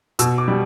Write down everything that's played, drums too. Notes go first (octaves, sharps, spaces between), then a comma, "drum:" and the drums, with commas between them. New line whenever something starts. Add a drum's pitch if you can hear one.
B2 E6, drum: hi-hat
D6
G3